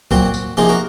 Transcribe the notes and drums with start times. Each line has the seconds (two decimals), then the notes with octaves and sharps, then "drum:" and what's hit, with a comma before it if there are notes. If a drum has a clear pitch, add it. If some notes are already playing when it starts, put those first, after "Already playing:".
0.11 A#2 F#3 C4 F#4, drum: kick C2
0.34 drum: tambourine
0.57 C3 F3 A#3 D#4 F4 G#4
0.69 F#4 A#4